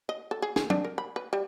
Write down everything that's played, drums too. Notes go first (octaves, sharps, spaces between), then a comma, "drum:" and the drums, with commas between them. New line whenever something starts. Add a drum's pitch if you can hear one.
D#5
A4
G#4
G#4, drum: snare
D4, drum: tom
A#4
B5
B4
G3